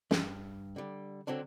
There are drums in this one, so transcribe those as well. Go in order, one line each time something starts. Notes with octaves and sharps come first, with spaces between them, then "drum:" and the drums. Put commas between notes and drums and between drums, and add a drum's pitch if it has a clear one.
G2, drum: snare
D3 G3
D3 F#3 C4 D4